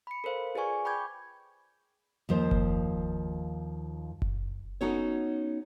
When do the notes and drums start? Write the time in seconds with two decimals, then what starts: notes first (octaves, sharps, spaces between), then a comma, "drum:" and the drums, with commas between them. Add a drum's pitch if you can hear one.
0.07 B5 C#7
0.24 A4 A#4 C5 F5
0.55 F4 G#4 B4 D5 G#5 C#6
0.85 G5 B5 C#6 D6 G6 G#6
2.29 D#2 F3 C5
2.51 drum: kick F#1
4.22 drum: kick F#1
4.81 B3 C#4 D#4 F#4 A4 C#5